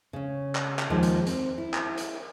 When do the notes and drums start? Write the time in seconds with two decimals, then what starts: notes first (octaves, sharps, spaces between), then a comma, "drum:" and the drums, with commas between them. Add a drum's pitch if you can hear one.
0.13 C#3 C#4
0.55 drum: clap
0.79 drum: clap
0.90 D#2 D#3 F3 G#3
1.03 drum: hi-hat
1.26 C4, drum: hi-hat
1.58 E4
1.74 drum: clap
1.98 drum: hi-hat